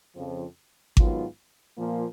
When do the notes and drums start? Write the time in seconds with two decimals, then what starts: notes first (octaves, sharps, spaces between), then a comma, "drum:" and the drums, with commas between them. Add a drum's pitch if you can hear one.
0.16 F2 C#3 F3
0.97 G#2 D#3 F#3 B3 F4, drum: kick G#1
1.77 A#2 F3 A#3